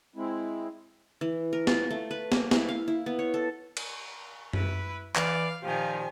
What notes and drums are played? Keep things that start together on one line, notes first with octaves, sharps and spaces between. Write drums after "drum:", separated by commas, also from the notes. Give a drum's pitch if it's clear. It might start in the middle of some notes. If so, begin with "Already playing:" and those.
G#3 C4 E4
E3
A#4
F4, drum: snare
A3
B4
A#3, drum: snare
E4, drum: snare
F5
E4
B3
C#5
A4
drum: cymbal
E4 B4, drum: tom F#2
E3 D5 F5, drum: clap
A#2 D#3 F3 F4 G4 C5 G#5